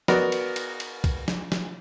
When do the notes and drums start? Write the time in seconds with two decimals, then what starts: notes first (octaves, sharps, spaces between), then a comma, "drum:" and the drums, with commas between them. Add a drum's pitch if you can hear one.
0.08 B3 F#4 A#4 D5 D#5, drum: snare
0.32 drum: cymbal
0.56 drum: cymbal
0.80 drum: cymbal
1.04 drum: kick C2, cymbal
1.28 drum: snare
1.52 drum: snare